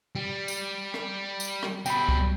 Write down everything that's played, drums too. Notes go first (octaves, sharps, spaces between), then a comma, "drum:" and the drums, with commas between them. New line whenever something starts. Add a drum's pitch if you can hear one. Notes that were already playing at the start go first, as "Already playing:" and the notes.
G3
drum: tambourine
drum: rim click
drum: tambourine
drum: rim click
B2 G3 G5 B5, drum: tambourine
drum: kick C2